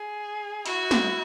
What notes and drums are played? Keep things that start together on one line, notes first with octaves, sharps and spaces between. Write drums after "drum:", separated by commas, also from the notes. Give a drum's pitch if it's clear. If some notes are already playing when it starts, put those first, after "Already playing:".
Already playing: G#4
E4 F#4, drum: hi-hat
drum: snare